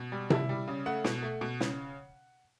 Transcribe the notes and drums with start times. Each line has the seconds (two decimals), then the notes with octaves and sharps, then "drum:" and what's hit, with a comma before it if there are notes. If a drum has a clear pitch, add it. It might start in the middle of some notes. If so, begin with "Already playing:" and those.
Already playing: B2
0.12 G3
0.30 E4, drum: tom C3
0.49 G3
0.68 C#3
0.86 A3 F#5
1.05 B2, drum: snare
1.22 A3
1.41 B2
1.60 C#3, drum: snare